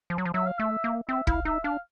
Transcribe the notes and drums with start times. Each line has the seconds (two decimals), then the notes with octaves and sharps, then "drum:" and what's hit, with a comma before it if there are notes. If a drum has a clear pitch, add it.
0.10 F3
0.18 F#3
0.25 F3
0.34 F#3 E5
0.47 F5
0.59 A3 E5
0.84 A#3
1.09 C4 E5
1.27 E4 F5, drum: kick
1.45 D#4 E5
1.64 D4 F5